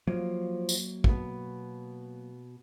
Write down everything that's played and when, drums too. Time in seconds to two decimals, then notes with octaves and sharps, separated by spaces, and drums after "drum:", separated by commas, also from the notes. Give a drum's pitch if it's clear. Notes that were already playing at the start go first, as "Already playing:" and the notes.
0.07 F3 F#3 A#3
0.69 drum: tambourine
1.04 B2 B3, drum: kick